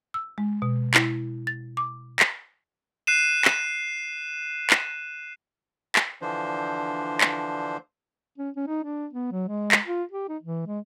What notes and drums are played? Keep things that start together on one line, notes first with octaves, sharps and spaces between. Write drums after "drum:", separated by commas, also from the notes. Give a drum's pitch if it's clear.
E6
G#3
B2
E4, drum: clap
A6
D6
drum: clap
F#6 C7 D#7 E7
drum: clap
drum: clap
drum: clap
D3 E3 F3 D4 C5
drum: clap
C#4
C#4
D#4
D4
B3
F#3
G#3
drum: clap
F4
G4
D#4
E3
G#3